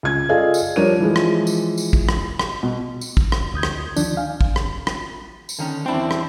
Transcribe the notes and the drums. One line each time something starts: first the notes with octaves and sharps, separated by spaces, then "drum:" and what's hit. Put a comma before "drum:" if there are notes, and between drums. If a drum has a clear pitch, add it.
C#2 G#6
F4 G#4 A4 D5 D#5 F5
drum: tambourine
F3 G3 D4 A#4 C#5 D#7
E3 F3 G#3
drum: rim click
drum: tambourine
drum: tambourine
drum: kick
drum: rim click
drum: rim click
B2
drum: tambourine
drum: kick
drum: rim click
D2 D#6 G6 G#6
drum: rim click
D#3 F3 D4, drum: tambourine
F5 G#5
drum: kick
drum: rim click
drum: rim click
drum: tambourine
D3 D#3 C#4
E2 C4 D4 E4 G5
drum: rim click